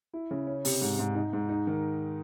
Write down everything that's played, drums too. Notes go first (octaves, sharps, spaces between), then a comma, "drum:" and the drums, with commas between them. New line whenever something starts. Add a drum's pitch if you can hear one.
E4
C#3
C#4
C3, drum: open hi-hat
G#2
G#2
D#4
G#2
D#4
D#3